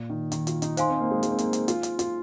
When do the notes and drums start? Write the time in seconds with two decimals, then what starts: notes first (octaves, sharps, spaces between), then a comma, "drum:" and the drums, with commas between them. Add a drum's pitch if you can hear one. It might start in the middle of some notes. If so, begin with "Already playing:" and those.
Already playing: A#2
0.10 D#3
0.32 D#3, drum: hi-hat
0.47 F4, drum: hi-hat
0.62 D#4, drum: hi-hat
0.77 D#4 C5 F5 G#5 C6, drum: hi-hat
0.89 C4
1.01 A#3
1.11 G#3
1.23 G#3, drum: hi-hat
1.31 C4
1.38 A#3, drum: hi-hat
1.53 drum: hi-hat
1.68 F4, drum: hi-hat
1.83 drum: hi-hat
1.99 F4, drum: hi-hat